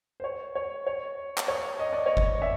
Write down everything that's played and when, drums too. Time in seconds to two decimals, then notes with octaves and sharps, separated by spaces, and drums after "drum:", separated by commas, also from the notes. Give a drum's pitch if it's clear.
0.20 C5
0.24 C#5
0.55 C#5
0.87 C#5
1.38 drum: clap
1.48 C#5
1.79 D#5
1.93 D5
2.06 C#5 D#5
2.17 drum: kick G1
2.42 D5 E5